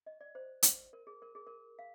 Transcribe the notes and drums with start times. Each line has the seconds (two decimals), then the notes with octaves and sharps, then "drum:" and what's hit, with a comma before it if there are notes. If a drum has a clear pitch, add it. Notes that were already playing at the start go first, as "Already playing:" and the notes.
0.06 D#5
0.21 D5
0.35 C5
0.63 drum: hi-hat
0.93 A#4
1.07 G#4
1.22 A#4
1.35 G#4
1.47 A#4
1.79 F5